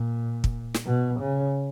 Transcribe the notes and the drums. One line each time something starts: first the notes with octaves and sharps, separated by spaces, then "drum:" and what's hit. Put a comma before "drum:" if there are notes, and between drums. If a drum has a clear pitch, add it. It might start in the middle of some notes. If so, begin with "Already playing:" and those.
Already playing: A#2
drum: kick
drum: snare
B2
C#3